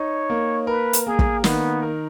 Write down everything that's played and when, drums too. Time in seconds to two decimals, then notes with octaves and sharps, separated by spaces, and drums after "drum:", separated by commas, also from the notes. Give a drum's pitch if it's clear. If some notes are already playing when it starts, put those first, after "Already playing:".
Already playing: D#4 C#5
0.30 A#3
0.67 A#4 B4
0.93 drum: hi-hat
1.06 A#3 G#4
1.19 drum: kick
1.44 D#3 B3, drum: snare
1.82 A#4